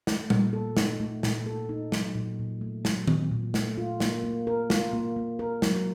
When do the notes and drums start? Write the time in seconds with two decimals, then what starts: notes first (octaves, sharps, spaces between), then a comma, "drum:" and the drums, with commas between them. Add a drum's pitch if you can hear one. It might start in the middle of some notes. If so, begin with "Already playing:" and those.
0.07 A3, drum: snare
0.30 A#2, drum: tom G3
0.53 A4
0.77 D#4, drum: snare
1.00 A3
1.23 A#2, drum: snare
1.46 A4
1.69 D#4
1.92 F#3, drum: snare
2.15 A#2
2.39 A#2
2.61 A3
2.85 F#3, drum: snare
3.08 A#2, drum: tom D#3
3.31 A#2
3.54 A3, drum: snare
3.78 F4
4.00 A#3, drum: snare
4.24 A#3
4.47 A#4
4.70 F4, drum: snare
4.93 A#3
5.16 A#3
5.39 A#4
5.62 F#3, drum: snare